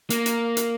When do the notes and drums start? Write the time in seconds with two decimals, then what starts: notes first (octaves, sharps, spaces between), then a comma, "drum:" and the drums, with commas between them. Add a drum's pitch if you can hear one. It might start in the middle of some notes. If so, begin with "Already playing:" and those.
0.10 A#3, drum: hi-hat
0.26 drum: hi-hat
0.57 drum: hi-hat